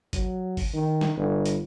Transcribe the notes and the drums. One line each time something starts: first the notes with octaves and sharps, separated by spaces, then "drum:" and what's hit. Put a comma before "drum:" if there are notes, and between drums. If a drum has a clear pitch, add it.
F#3, drum: kick G1, hi-hat
drum: kick G1, open hi-hat
D#3
drum: snare
G1
drum: hi-hat